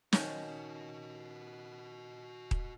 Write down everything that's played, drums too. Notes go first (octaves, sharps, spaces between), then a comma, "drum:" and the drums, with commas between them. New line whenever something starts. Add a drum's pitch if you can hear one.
D#3 C#4 F#4 C#5 D#5, drum: snare
drum: kick D#1